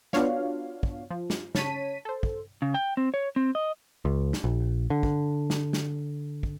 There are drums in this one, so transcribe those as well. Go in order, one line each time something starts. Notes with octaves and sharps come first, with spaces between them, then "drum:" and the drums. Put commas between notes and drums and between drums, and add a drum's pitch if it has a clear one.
B3 D4 F4 F#4 C#5 F5, drum: snare
drum: kick
F3
drum: snare
C#3 C#5 A5 B6 D#7, drum: snare
A4 C5
drum: kick
C#3
G5
C4
C#5
C4
D#5
C#2
drum: snare
A#1
D3
drum: kick
drum: snare
drum: snare
drum: kick